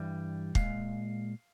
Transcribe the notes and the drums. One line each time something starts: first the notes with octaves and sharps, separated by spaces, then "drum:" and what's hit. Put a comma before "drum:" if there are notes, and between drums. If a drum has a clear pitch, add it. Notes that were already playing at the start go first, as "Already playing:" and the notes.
Already playing: G2 E3 G3
A#2 G#3 F5, drum: kick